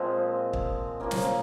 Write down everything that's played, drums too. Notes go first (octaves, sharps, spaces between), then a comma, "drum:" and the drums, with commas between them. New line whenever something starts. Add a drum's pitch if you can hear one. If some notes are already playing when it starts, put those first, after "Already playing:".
Already playing: A#2 F3 G#3 C4
drum: kick
A#2 F3 A#3 C#4
drum: snare